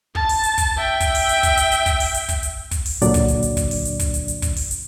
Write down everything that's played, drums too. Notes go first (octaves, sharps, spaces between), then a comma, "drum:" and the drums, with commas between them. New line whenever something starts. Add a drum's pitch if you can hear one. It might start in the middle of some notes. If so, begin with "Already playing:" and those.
A5, drum: kick
drum: open hi-hat
drum: hi-hat
drum: kick, hi-hat
E5 G5
drum: kick, hi-hat
drum: open hi-hat
drum: hi-hat
drum: kick, hi-hat
drum: hi-hat
drum: hi-hat
drum: kick, hi-hat
drum: open hi-hat
drum: hi-hat
drum: kick, hi-hat
drum: hi-hat
drum: kick, hi-hat
drum: open hi-hat
C#2 A#2 D3 F#3 D4 D5, drum: hi-hat
drum: kick, hi-hat
drum: hi-hat
drum: hi-hat
drum: kick, hi-hat
drum: open hi-hat
drum: hi-hat
drum: kick, hi-hat
drum: hi-hat
drum: hi-hat
drum: kick, hi-hat
drum: open hi-hat
drum: hi-hat